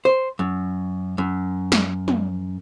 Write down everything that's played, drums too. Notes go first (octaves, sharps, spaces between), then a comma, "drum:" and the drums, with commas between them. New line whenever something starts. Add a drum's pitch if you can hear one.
C5
F#2
F#2
drum: snare
drum: tom